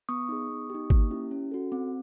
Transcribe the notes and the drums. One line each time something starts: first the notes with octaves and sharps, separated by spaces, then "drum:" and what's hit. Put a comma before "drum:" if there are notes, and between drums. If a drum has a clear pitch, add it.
B3 C#6 D#6
D#4 G#4
B3
D#4 G4
A#3, drum: kick
C#4 E4 G4
C#4
F#4 A4
C4